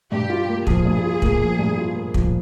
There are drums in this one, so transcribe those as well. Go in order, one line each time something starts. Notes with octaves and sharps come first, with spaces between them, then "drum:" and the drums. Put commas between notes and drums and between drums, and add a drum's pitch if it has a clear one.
G2 G4
F4
A#3
F3 G#4, drum: kick
G2
F4
A#3, drum: kick
F3
G2
F4
A#3
F3, drum: kick